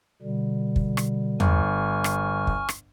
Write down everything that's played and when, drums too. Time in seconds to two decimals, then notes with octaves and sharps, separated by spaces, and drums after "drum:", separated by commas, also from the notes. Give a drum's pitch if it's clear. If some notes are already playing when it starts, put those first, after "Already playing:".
0.22 B2 D3 G3
0.76 drum: kick
0.97 drum: rim click
1.40 G1 G#5 C#6 F6, drum: tom E2
2.04 drum: rim click
2.47 drum: kick
2.69 drum: rim click